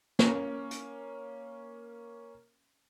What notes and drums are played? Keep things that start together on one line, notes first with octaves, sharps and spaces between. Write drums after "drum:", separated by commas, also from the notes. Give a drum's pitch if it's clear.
A#3 C#4, drum: snare
drum: hi-hat